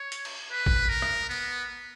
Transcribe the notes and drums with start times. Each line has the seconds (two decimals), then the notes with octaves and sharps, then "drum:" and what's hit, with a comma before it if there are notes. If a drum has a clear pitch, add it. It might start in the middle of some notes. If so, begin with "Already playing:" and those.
Already playing: C#5
0.12 drum: hi-hat
0.25 drum: cymbal
0.51 B4
0.66 drum: kick
0.89 A#4
1.02 drum: rim click
1.29 B3